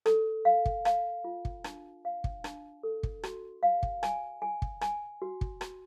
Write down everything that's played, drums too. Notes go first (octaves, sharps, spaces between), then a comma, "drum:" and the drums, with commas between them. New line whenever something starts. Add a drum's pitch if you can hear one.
A4, drum: rim click
F5
drum: kick
F5, drum: rim click
F4
drum: kick
D4, drum: rim click
F5
drum: kick
D4, drum: rim click
A4
drum: kick
F#4, drum: rim click
F5
drum: kick
G#5, drum: rim click
G#5
drum: kick
G#5, drum: rim click
F#4
drum: kick
F#4, drum: rim click